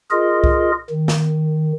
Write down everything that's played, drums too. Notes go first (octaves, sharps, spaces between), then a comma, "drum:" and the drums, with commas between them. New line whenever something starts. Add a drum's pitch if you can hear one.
F4 G#4 A#4 D#5
drum: kick C2
D#3
drum: snare